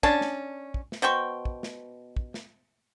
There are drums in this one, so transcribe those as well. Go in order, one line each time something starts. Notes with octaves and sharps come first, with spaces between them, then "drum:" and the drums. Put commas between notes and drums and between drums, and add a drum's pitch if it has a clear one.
C#4 D4 A5, drum: kick
drum: snare
drum: kick
drum: snare
B2 C5 G5 C#6
drum: kick
drum: snare
drum: kick
drum: snare